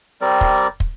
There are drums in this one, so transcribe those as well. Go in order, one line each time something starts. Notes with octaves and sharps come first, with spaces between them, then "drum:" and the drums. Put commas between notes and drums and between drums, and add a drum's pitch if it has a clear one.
G3 C4 A#4 D5
drum: kick
drum: kick